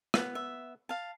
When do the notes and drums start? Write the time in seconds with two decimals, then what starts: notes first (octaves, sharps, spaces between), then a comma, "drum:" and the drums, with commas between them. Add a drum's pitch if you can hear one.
0.14 B3, drum: rim click
0.35 E5
0.89 F5 A5